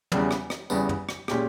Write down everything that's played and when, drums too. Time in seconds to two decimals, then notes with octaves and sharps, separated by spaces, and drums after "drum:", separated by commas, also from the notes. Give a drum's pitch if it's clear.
0.12 E2 C#3 G3 B3, drum: tom
0.31 drum: rim click
0.50 drum: rim click
0.70 E2 C#3 G3 B3, drum: tambourine
0.89 drum: tom
1.09 drum: rim click
1.28 A#2 G#3 C#4 G4, drum: rim click